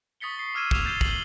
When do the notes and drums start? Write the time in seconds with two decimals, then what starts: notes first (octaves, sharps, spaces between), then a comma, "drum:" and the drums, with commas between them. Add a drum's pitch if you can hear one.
0.20 C#6 D#6 A6 B6 C#7 G7
0.36 B6 C7
0.54 D6 E6 F6 G#6 D#7 E7
0.71 F6 E7 F7, drum: kick
0.85 G6 A6 C7 G7
1.01 A6 F#7 G7, drum: kick